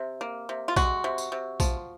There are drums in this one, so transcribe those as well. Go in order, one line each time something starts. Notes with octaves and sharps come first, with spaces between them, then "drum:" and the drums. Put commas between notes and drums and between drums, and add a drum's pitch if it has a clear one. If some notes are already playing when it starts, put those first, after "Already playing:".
Already playing: C3
A#3
C3
F4
G#3 F#4, drum: kick A#1, tambourine
C3
drum: tambourine
C3
F3, drum: kick A#1, tambourine